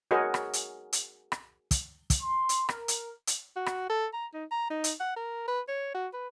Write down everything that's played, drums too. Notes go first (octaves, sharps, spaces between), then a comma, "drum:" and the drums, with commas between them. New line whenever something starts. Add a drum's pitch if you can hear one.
F#4 G#4 A#4 C#5 D#5
drum: rim click
drum: hi-hat
drum: hi-hat
drum: rim click
drum: kick, hi-hat
drum: kick, hi-hat
C6
drum: hi-hat
A#4, drum: rim click
drum: hi-hat
drum: hi-hat
F#4
drum: rim click
A4
A#5
D#4
A#5
D#4
drum: hi-hat
F#5
A#4
B4
C#5
F#4
B4